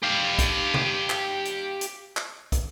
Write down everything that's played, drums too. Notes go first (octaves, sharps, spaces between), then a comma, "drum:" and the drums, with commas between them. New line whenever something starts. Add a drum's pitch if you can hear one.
G4 F5
drum: kick, hi-hat
drum: tom
drum: clap
drum: hi-hat
drum: hi-hat
drum: clap
drum: kick, hi-hat